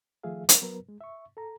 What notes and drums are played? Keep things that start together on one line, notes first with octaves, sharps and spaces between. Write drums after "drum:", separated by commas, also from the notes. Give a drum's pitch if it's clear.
D#3 F3 A3 G#4 E5 F5
A#4, drum: hi-hat
F#3 B3 A#4 B4
G#3
E5 C#6
A4 A#5